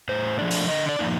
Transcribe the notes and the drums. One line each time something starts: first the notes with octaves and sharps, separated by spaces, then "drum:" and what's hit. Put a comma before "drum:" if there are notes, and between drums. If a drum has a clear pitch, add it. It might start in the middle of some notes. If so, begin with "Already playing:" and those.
A2 C5
F3 A3 D4 D5
drum: open hi-hat
D3 D#5
D5
F3 A#3 D#4